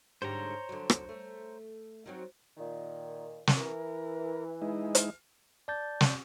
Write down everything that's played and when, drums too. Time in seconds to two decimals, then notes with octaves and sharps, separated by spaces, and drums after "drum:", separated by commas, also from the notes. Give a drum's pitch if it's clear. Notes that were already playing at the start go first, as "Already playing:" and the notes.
0.22 G#2 D3 G4 C5 C#5 A#5
0.69 D3 F#3
0.90 drum: rim click
1.09 A3
2.06 D#3 F#3 C4
2.57 A#2 D#3
3.47 drum: snare
3.57 E3 A#4
4.62 G#3 D#4 E4
4.95 drum: hi-hat
5.68 D5 A5 G6 A6
6.01 drum: snare